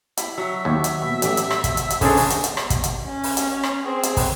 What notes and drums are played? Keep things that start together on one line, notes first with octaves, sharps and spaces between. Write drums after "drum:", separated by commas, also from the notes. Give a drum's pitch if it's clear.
E4, drum: hi-hat
F#3 E5
D#2
drum: hi-hat
B2
A1 G4 D5, drum: hi-hat
drum: hi-hat
drum: rim click
drum: kick, hi-hat
drum: hi-hat
drum: hi-hat
D3 C#4 D4 G#4 C5 D#5, drum: kick, open hi-hat
drum: open hi-hat
drum: hi-hat
drum: hi-hat
drum: rim click
drum: kick, hi-hat
drum: hi-hat
C#4
drum: open hi-hat
drum: hi-hat
drum: rim click
C4 G#4
drum: hi-hat
drum: kick, open hi-hat